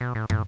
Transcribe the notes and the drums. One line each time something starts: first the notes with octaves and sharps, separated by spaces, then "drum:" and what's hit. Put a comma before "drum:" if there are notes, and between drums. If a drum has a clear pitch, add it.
B2
A2
A2, drum: tom